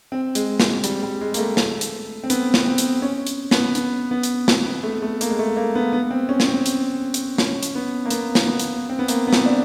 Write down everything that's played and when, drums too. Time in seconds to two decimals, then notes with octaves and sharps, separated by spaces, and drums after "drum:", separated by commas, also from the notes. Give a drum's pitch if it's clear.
0.12 C4
0.35 G#3, drum: hi-hat
0.60 G#3, drum: snare
0.84 G3, drum: hi-hat
1.03 G3
1.21 G#3
1.34 A#3, drum: hi-hat
1.38 A3
1.57 drum: snare
1.81 drum: hi-hat
2.24 C4
2.30 B3, drum: hi-hat
2.54 drum: snare
2.66 C4
2.78 drum: hi-hat
3.02 C#4
3.27 drum: hi-hat
3.51 B3, drum: snare
3.75 B3, drum: hi-hat
4.11 B3
4.23 drum: hi-hat
4.48 C4, drum: snare
4.66 B3
4.83 A3
5.02 A3
5.21 A#3, drum: hi-hat
5.30 G#3
5.39 A3
5.57 A#3
5.75 B3
5.93 B3
6.11 C4
6.29 C#4
6.40 C#4, drum: snare
6.48 C4
6.66 drum: hi-hat
7.14 drum: hi-hat
7.38 C#4, drum: snare
7.63 drum: hi-hat
7.75 B3
8.05 A#3
8.10 B3, drum: hi-hat
8.35 drum: snare
8.47 B3
8.59 drum: hi-hat
8.90 C4
8.99 B3
9.08 A#3, drum: hi-hat
9.27 B3
9.33 C4, drum: snare
9.46 D4